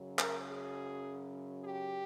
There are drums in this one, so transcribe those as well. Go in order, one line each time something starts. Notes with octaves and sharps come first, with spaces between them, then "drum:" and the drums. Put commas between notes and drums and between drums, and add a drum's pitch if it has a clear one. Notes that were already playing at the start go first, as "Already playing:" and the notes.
Already playing: F#2 C#3 F#3
A#4, drum: clap
G#4
G4